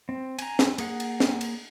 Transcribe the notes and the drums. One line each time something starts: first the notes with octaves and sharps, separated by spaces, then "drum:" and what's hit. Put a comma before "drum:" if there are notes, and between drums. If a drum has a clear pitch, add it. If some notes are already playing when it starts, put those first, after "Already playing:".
C4
G#5 A#5, drum: cymbal
drum: snare
A#3 G#4 F#5, drum: cymbal
drum: cymbal
drum: snare
drum: cymbal